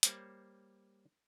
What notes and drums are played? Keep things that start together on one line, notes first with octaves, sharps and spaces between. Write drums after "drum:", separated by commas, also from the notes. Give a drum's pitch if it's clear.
G3 A#3 C5 C#5, drum: hi-hat